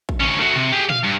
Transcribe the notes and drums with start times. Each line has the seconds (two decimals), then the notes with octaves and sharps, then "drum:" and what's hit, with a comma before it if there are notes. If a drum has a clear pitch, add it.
0.09 drum: kick
0.21 D2 C#4
0.40 A3 F#4
0.56 C3
0.72 G4 G#4
0.90 F5, drum: tom
1.04 G2